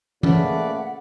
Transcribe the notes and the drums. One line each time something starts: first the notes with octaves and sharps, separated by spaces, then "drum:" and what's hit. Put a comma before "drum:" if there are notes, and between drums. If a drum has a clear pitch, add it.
A#2 C#3 A3 C#4 B4 D5 F#5, drum: tom E3